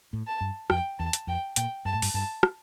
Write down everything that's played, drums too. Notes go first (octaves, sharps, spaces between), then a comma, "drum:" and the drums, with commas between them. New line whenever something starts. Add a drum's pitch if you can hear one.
A2
A5
G2
F2 G5, drum: rim click
E2 A5
drum: hi-hat
F2 G5
A#2 G5, drum: hi-hat
G2 A5
A2
G2, drum: open hi-hat
G2 A5
drum: rim click